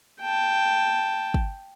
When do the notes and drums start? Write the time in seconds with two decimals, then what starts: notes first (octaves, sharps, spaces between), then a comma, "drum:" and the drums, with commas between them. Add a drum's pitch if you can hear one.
0.21 G5 A5
1.34 drum: kick